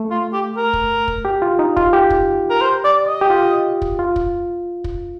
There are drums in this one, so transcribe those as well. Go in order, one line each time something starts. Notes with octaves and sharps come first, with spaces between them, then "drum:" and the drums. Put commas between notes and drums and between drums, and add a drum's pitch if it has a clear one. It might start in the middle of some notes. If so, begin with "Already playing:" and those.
Already playing: A3
F4
G4
A#4
drum: kick
drum: kick
G4
F4
D#4
F4, drum: kick
G4
drum: kick
A#4
C5
D5
D#5
G4
F4
drum: kick
F4
drum: kick
drum: kick